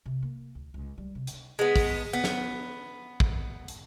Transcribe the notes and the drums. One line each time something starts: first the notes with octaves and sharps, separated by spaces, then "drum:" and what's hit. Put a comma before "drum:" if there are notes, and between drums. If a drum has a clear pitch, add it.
C3
A#3
D2
C#2
G3
C3
drum: hi-hat
G#3 B3
drum: kick, open hi-hat
B3
drum: snare
drum: kick
drum: hi-hat